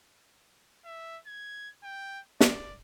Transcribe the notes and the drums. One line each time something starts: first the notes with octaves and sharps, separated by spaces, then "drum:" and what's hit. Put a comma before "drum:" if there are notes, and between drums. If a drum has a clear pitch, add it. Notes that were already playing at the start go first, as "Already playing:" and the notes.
E5
G#6
G5
D5, drum: snare